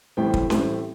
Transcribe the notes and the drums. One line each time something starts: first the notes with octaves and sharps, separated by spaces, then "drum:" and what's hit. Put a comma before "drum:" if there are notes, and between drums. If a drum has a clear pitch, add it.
A1 A2 G3 C4 E4 G5
drum: kick
A1 A2 G3 C4 E4, drum: snare C#4